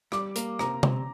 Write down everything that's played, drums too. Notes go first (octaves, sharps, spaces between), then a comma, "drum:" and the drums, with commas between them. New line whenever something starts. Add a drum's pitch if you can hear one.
G3 D6, drum: rim click
A#3, drum: hi-hat
C3 A#5, drum: rim click
C3, drum: tom C3